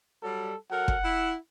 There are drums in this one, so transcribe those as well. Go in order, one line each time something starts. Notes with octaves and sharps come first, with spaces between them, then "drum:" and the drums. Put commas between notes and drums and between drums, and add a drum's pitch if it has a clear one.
F#3 G3 A4
F#3 A4 A#4 F#5
drum: kick
E4